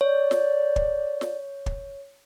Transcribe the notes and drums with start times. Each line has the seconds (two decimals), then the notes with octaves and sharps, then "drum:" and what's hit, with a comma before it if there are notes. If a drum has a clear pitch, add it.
0.01 C#5 D5
0.31 drum: snare
0.76 drum: kick
1.21 drum: snare
1.66 drum: kick